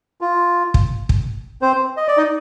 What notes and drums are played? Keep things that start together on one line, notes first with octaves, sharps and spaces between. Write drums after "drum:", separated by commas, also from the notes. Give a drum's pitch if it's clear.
F4
drum: kick
drum: kick
C4 C5
D#5
D5
D#4 D#5